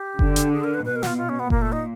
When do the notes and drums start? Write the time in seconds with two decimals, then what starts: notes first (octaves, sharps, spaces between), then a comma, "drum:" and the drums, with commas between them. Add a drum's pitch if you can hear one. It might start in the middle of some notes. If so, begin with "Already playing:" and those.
Already playing: G4
0.19 D3, drum: kick F#1
0.36 drum: hi-hat
0.52 G#4
0.64 A#4
0.74 B4
0.85 B2 B4
0.96 A#4
1.03 F#4, drum: snare
1.07 F4
1.18 F4
1.29 C#4
1.39 B3
1.50 A#2 A#3, drum: kick F#1
1.62 A3
1.72 D#4